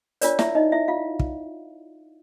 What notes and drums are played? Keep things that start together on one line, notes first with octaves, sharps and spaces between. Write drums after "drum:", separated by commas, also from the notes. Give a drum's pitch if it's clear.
D4 F4 A#4 C#5 D5, drum: hi-hat
E4 E5, drum: snare
D#4 D#5
E4 E5
F4 F5
drum: kick